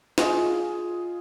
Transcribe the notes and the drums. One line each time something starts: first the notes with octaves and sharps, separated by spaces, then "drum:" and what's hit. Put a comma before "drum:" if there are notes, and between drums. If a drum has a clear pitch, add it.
F4 G#4 D#5, drum: snare